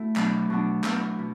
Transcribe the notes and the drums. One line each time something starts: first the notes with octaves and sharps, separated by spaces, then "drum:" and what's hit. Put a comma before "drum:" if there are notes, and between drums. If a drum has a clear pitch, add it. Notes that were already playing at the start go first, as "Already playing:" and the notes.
Already playing: A3 E4 F#4
B2 F#3 B3 D4, drum: clap
B2 F#3 B3 D4
B2 F#3 B3 E4, drum: clap
B2